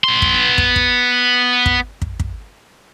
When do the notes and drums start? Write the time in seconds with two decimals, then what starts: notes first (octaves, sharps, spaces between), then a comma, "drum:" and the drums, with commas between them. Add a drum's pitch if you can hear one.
0.04 B3 C6
0.22 drum: kick
0.58 drum: kick
0.76 drum: kick
1.66 drum: kick
2.02 drum: kick
2.20 drum: kick